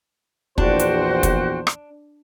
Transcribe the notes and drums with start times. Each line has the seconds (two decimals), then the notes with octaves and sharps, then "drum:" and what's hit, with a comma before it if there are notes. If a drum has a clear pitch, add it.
0.58 A#1 E2 D4 F#4 C5 G5 F#6, drum: kick
0.79 drum: hi-hat
1.23 drum: kick, hi-hat
1.67 drum: rim click